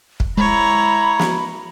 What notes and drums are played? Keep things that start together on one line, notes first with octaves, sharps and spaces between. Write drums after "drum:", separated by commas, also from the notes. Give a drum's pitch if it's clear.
drum: kick
G#3 E4 C#5 A#5 B5
drum: snare